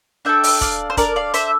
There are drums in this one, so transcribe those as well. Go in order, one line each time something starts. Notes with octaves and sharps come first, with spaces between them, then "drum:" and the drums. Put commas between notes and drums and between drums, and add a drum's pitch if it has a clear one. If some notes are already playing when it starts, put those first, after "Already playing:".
D4 A4 E5 G5
drum: open hi-hat
D5 F5, drum: kick, hi-hat
C5
D4 A4 A#4 D5, drum: kick, hi-hat
D5 F5
C5 E5, drum: hi-hat